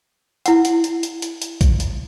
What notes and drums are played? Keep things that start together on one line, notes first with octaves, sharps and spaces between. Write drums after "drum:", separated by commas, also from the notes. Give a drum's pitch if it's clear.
E4 F#5, drum: hi-hat
drum: hi-hat
drum: hi-hat
drum: hi-hat
drum: hi-hat
drum: hi-hat
drum: kick, hi-hat
drum: hi-hat